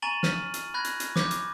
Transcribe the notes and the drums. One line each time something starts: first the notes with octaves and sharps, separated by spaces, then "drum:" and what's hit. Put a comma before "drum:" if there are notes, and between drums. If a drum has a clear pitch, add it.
G#5 A#5 C#6 A6 D#7 F#7
F6, drum: snare
drum: hi-hat
B5 F#6 G#6 A#6
drum: hi-hat
drum: hi-hat
D6 G6, drum: snare
drum: hi-hat